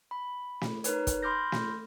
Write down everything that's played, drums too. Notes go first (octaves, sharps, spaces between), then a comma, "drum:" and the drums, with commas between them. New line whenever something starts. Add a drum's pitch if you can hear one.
B5
drum: snare
D#4 A#4 B4 C#5, drum: hi-hat
drum: kick, hi-hat
B5 C6 D6 F6 G6 A#6
drum: snare